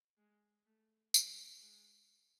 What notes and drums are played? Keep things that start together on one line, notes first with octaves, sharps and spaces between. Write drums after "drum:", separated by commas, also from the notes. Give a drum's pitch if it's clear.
G#3
A3
G#3, drum: tambourine
G#3